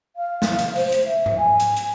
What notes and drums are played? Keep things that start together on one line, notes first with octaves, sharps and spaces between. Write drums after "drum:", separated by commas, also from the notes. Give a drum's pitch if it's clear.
F5
drum: snare
drum: hi-hat
C5, drum: open hi-hat
drum: hi-hat
E5
drum: tom G#2
G#5
drum: hi-hat
drum: hi-hat